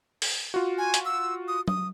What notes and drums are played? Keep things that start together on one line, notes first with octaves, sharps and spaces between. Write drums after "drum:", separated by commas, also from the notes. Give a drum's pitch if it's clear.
drum: open hi-hat
F4 F#4
G#5
drum: hi-hat
E6
D#6
D#6, drum: tom F#3